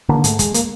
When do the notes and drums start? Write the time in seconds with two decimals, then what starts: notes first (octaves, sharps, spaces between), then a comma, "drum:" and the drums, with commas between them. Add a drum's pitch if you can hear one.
0.09 D3 A#3
0.24 G#2 A3, drum: hi-hat
0.39 G#3, drum: kick, hi-hat
0.54 A#3, drum: hi-hat